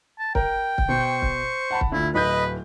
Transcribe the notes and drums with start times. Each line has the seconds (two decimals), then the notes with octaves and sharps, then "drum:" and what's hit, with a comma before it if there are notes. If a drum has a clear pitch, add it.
0.19 A5
0.35 A#4 G5, drum: kick
0.78 drum: kick
0.89 B2 C5 C#6
1.22 drum: kick
1.71 F#5 A5 B5
1.81 drum: kick
1.92 D2 E4 F4
2.15 D1 B4 D#5 B5 G6